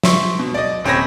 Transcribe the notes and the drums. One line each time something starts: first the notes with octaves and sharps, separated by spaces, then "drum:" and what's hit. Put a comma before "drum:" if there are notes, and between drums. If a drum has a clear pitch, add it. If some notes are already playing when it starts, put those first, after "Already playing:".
E5 C6 C#6, drum: snare
B2
D5 D#5
D#1 C4 C#4 B5 G#6 A#6